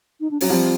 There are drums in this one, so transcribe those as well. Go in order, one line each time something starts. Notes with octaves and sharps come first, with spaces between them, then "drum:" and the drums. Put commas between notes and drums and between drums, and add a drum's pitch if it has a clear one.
D#4
D4
F#3 C#4, drum: open hi-hat
F3 G3 C4